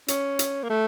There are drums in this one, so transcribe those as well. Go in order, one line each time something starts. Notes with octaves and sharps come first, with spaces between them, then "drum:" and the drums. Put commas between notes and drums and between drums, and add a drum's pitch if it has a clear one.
C#4, drum: hi-hat
drum: hi-hat
A#3
A3